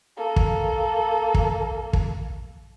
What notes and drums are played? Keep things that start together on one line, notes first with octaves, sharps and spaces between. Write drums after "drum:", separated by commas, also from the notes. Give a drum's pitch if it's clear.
A#3 A4
drum: kick
drum: kick
drum: kick